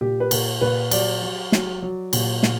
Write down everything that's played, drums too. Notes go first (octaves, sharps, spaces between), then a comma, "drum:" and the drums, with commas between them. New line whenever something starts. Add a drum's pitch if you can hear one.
A#2 G4
B4
A#2 A#4, drum: cymbal
A#2 B4
F#3 D5, drum: cymbal
F#3
F#3, drum: snare
F#3
A#2, drum: cymbal
A#2, drum: snare